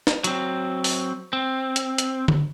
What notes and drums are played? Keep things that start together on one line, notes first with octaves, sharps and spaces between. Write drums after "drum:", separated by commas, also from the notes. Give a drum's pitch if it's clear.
drum: snare
F#3 C4, drum: hi-hat
drum: open hi-hat
C4
drum: hi-hat
drum: hi-hat
drum: tom D3